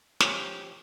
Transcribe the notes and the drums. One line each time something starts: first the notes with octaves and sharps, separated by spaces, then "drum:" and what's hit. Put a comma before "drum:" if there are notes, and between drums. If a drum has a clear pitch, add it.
F3 C#4 G4 C#5, drum: snare